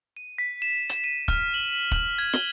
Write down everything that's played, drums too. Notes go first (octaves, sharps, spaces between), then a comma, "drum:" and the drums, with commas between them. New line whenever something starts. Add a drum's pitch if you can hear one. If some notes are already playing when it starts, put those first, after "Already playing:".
D#7
B6
E7
E7, drum: hi-hat
D#7
F6, drum: kick
F#7
F#7
F#7, drum: kick
G#6
G7, drum: snare